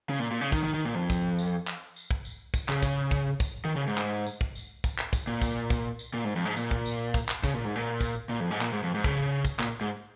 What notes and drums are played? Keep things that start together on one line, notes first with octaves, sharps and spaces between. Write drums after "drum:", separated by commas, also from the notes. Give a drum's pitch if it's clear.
C#3
A#2
A#2
C#3
D#3, drum: kick, tambourine
D#3
D#3
A#2
F2
drum: kick, tambourine
drum: tambourine
drum: clap
drum: tambourine
drum: kick
drum: tambourine
drum: kick, tambourine
C#3, drum: clap
drum: kick, tambourine
drum: kick, tambourine
drum: kick, tambourine
D#3
C#3
G#2
drum: clap
drum: tambourine
drum: kick
drum: tambourine
drum: kick, tambourine
drum: clap
drum: kick, tambourine
A#2
drum: kick, tambourine
drum: kick, tambourine
drum: tambourine
A#2
G#2
F2
G#2
A#2, drum: tambourine
drum: kick
drum: tambourine
drum: kick, tambourine
drum: clap
C#3, drum: kick, tambourine
A#2
G#2
A#2
drum: kick, tambourine
A#2
F2
G#2
A#2, drum: clap
G#2
F2
G#2
C#3, drum: kick
drum: kick, tambourine
A#2, drum: clap
G#2